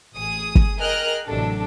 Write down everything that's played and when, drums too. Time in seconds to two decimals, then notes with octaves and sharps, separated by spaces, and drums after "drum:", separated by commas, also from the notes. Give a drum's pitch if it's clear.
0.15 A1 G#4 D#6
0.55 drum: kick
0.78 G#4 A#4 D#5 G5 F6 F#6
1.25 A1 C3 F#3 D4 A4